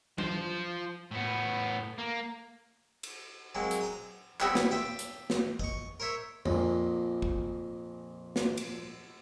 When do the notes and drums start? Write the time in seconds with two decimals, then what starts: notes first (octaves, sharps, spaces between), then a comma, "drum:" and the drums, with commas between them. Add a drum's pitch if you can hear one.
0.18 F3 C5, drum: tom F#3
1.11 A2 B3
1.98 A#3
3.03 drum: cymbal
3.55 F#3 G#3 A#3 C4
3.71 drum: hi-hat
3.81 A#5 D#6
4.40 G3 B3 C4 E4 G4 A4, drum: clap
4.55 drum: snare
4.71 F4 E5 G5 D6
4.99 drum: hi-hat
5.30 drum: snare
5.59 D#5 C#6, drum: kick A1
6.00 A#4 C5 C#5 E5
6.46 A#1 F2 A#2, drum: tom F2
7.22 drum: kick A1
8.36 drum: snare
8.57 drum: cymbal